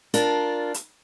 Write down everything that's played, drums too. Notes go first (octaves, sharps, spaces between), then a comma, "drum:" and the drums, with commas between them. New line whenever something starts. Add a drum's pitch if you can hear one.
D4 F4 A#4, drum: hi-hat
drum: hi-hat